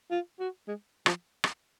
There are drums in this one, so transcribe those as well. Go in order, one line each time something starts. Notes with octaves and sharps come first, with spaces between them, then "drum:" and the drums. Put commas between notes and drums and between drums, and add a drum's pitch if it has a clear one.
F4
F#4
G#3
F3, drum: rim click
drum: rim click